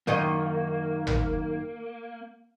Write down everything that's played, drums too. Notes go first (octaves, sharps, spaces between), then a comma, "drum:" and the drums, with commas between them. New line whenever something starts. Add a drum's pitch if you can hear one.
F#2 D#3 A#3 D#5
drum: tom G#1